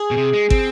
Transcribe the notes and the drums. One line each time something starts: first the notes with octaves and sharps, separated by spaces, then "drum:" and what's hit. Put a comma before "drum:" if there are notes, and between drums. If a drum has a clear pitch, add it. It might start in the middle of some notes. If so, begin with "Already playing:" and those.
Already playing: G#4
B2
C3
G#3
C4, drum: kick